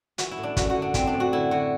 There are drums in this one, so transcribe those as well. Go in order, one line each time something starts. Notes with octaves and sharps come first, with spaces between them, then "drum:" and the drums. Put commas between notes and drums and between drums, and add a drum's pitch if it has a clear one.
E3 F#4, drum: hi-hat
E4
A2
D4
F#2 F#4, drum: kick, hi-hat
F#4
D3
D4
E3 C4, drum: kick, hi-hat
D4
A2
F#4
D3 E4
D3 F#4